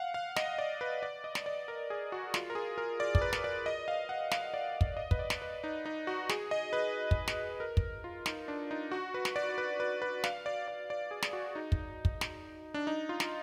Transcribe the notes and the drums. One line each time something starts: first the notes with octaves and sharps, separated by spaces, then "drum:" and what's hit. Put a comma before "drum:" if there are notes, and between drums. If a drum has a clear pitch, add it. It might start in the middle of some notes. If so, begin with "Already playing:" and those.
Already playing: F5 F#5
F5
D#5, drum: snare
D5
B4
D5
D#5
drum: snare
D5
A#4
G#4
F#4
F4, drum: snare
A#4
G#4
A#4
D5
D5, drum: kick
B4
drum: snare
D5
D#5
F5
F#5
F5, drum: snare
D5
drum: kick
D#5
B4, drum: kick
D5
drum: snare
B4
D#4
D#4
F#4
G#4, drum: snare
D#5
B4
drum: kick
drum: snare
A#4
drum: kick
F4
D#4, drum: snare
D4
D#4
F#4
B4
drum: snare
D5
B4
B4
B4
F5, drum: snare
D5
D5
D5
G#4
drum: snare
F#4
D#4
drum: kick
drum: kick
drum: snare
D4
D#4
F4
drum: snare